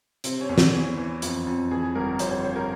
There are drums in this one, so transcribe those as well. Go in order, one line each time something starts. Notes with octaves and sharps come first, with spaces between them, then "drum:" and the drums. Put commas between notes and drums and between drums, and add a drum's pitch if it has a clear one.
C3 C4, drum: hi-hat
C#4
E2
E4, drum: snare
E3 C#4
E3
F2, drum: hi-hat
F2
E3 G#4
G1 A#4
F2 C5, drum: hi-hat
C5
C#5
C#3 C5
A#4